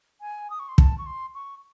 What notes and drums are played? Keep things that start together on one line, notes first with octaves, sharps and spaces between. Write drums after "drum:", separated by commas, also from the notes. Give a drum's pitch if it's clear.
G#5
D#6
C#6
C6
A5, drum: kick
C#6
C6
C#6